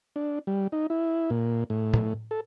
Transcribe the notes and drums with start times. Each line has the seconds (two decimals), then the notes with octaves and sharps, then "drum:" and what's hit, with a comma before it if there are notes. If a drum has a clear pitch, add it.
0.16 D4
0.47 G3
0.72 D#4
0.90 E4
1.30 A#2
1.70 A2
1.94 drum: tom A2
2.31 A4